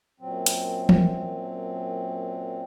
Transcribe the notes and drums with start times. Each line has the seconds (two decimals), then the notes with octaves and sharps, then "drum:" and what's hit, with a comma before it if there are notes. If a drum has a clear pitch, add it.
0.20 F#2 A#2 F#3 C4
0.46 drum: hi-hat
0.89 drum: tom